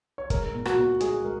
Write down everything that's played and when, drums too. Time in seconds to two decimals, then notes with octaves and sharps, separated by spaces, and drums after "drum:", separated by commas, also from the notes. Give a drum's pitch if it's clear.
0.18 C#5
0.30 G#3 A#4, drum: kick G1, hi-hat
0.54 A#2
0.65 F#4, drum: rim click
0.77 A#2
1.00 G#3 G#4, drum: hi-hat
1.24 G#3 A#4